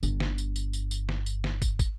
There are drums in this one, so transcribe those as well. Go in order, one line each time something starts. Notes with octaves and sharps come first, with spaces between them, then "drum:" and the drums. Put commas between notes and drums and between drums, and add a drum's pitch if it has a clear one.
G1 D4, drum: tambourine
drum: snare
drum: tambourine
drum: tambourine
drum: tambourine
drum: tambourine
drum: snare
drum: tambourine
drum: snare
drum: kick, tambourine
drum: kick, tambourine